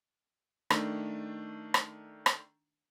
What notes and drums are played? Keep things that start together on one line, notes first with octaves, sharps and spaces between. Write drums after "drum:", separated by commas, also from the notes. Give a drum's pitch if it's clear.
D#3 A3 D4, drum: rim click
drum: rim click
drum: rim click